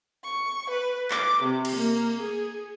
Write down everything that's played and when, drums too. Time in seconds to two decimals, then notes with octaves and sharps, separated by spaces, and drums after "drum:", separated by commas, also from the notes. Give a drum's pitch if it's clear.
0.24 C#6
0.69 B4
1.11 D6, drum: clap
1.43 C3
1.65 drum: cymbal
1.75 A#3
2.20 G#4